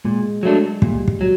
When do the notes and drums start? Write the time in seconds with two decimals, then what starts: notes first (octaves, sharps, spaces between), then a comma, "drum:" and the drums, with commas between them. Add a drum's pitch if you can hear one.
0.05 A#2 G#3
0.43 F#3 A3 D4
0.82 A#2 G3, drum: kick
1.08 drum: kick
1.21 F#3